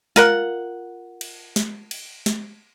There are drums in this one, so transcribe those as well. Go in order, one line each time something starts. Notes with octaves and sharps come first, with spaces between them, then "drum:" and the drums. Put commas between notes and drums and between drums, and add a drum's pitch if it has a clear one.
F4 A#4 F#5, drum: snare
drum: cymbal
drum: snare
drum: cymbal
drum: snare